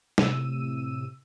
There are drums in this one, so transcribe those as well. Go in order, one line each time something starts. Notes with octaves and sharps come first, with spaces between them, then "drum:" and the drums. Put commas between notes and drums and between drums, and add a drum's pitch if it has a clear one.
A2 C3 E6 D#7, drum: snare